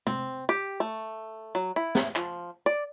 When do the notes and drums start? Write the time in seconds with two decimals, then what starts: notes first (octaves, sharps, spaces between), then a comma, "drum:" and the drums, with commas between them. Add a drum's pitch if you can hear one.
0.07 C4, drum: tom
0.49 G4
0.80 A3
1.55 F#3
1.76 E4
1.95 drum: snare
2.16 F3, drum: clap
2.66 D5